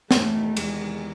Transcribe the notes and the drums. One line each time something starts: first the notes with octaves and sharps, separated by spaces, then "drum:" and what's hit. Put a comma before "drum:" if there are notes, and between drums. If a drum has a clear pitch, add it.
E2 A3, drum: snare
C3 D#3
E2 G#3, drum: cymbal
C3 D#3